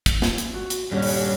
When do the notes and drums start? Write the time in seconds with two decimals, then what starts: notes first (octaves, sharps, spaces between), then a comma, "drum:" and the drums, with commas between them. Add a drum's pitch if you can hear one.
0.06 drum: kick, hi-hat
0.22 drum: snare
0.38 drum: hi-hat
0.54 F#4
0.70 drum: hi-hat
0.92 D#1 G2 G3 C#4
1.02 drum: open hi-hat